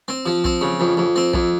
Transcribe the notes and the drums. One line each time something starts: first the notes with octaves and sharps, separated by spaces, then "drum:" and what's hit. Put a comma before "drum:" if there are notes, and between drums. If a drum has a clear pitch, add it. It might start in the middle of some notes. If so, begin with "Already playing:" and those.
C4
F3
C4, drum: kick
C#3
F2
F2
C4
F2, drum: kick